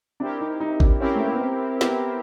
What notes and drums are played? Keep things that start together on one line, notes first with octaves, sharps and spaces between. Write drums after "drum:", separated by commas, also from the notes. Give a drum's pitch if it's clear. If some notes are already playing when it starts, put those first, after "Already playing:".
C4 D4 E4 G4 A#4
D#4
D#4
D4, drum: kick G#1
C4 C#4 E4 G4 A#4
A3
A#3
B3
C4
B3 C4 E4 G4 A#4, drum: snare